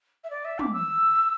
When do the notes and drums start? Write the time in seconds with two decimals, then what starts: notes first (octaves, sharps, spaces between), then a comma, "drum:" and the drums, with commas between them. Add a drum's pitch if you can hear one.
0.24 E5
0.30 D5
0.45 E5
0.59 D6, drum: tom
0.73 E6